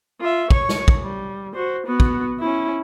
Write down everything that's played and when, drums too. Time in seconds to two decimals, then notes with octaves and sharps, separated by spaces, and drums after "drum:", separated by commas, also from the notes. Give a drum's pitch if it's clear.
0.20 F4 E5
0.50 C#5 C#6, drum: kick
0.69 drum: snare
0.88 drum: kick
1.02 G3
1.54 F#4 C5
1.87 B3 F#4
2.00 drum: kick
2.39 C#4 E4